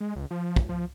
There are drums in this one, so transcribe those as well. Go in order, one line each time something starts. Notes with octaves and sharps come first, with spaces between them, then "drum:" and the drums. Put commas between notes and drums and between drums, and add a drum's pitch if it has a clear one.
G#3
C#2
F3
drum: kick
F3